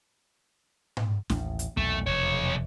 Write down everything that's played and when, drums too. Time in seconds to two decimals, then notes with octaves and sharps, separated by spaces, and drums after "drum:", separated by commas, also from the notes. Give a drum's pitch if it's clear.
0.97 drum: tom G#2
1.30 A1 D#2, drum: snare
1.59 drum: hi-hat
1.77 B1 E2 A#2 A3
2.07 F1 B1 E2 C#5